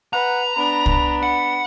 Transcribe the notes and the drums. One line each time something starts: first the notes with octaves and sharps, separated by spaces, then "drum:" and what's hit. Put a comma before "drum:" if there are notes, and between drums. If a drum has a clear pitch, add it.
B4 F#5 A#5
B3 D4 B5
drum: kick
F#5